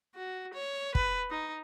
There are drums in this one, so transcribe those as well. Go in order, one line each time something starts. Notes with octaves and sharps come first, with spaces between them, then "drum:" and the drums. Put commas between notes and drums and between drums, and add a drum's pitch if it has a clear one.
F#4
C#5
B4, drum: kick
D#4